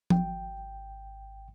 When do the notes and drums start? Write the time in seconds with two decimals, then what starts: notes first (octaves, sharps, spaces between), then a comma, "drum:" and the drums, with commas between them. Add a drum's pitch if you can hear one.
0.10 G#1 G5, drum: tom F3